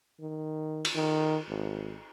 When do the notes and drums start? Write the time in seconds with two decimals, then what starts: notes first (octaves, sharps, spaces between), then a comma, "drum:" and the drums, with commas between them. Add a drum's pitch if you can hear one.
0.20 D#3
0.85 drum: cymbal
0.95 D#3
1.49 G#1